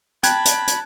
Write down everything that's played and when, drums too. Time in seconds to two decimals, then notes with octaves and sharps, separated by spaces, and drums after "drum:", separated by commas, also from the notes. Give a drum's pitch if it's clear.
0.23 G5 A5 B5 F#6 G#6, drum: hi-hat
0.45 drum: hi-hat
0.67 drum: hi-hat